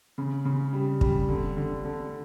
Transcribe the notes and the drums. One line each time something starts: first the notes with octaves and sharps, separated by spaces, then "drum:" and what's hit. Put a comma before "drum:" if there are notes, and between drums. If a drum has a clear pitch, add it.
C#3
C#3
G3
G3, drum: kick
D3
D3
D3